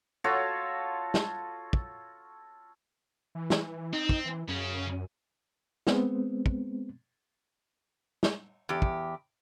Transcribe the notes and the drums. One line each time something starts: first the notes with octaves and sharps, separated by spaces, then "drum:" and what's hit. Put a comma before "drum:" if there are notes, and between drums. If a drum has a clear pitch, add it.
F4 F#4 A4 C#5
drum: snare
drum: kick
E3
drum: snare
C4 D#4
drum: kick
E3
F#2 C#3 C#4
G#3 B3 C4, drum: snare
drum: kick
drum: snare
E2 G4
drum: kick